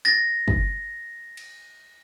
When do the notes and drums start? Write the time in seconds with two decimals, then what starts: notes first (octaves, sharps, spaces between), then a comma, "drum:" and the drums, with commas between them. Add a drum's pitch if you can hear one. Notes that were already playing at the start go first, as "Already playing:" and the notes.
0.05 A6 A#6
0.48 drum: kick
1.37 drum: cymbal